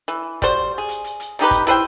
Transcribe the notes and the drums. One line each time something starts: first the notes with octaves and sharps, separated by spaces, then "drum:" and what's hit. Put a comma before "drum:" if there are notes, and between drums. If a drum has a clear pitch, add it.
E3
G3 F#4 C5, drum: kick G1, hi-hat
G#4
drum: hi-hat
drum: hi-hat
drum: hi-hat
C3 D#4 G4 B4
drum: kick G1, hi-hat
E4 B4 C5 G5